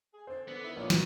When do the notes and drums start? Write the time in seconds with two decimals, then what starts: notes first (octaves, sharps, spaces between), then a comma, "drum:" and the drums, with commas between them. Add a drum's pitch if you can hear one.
0.14 G#4
0.27 D3 C4 C5
0.48 D3 B3
0.64 D#3 E4
0.77 A#1 G2 A#3 C#5
0.90 F#2 E4 F#4 A4, drum: snare